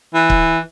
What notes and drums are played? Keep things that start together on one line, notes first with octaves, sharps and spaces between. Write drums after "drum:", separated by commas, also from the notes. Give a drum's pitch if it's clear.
E3
drum: kick C#1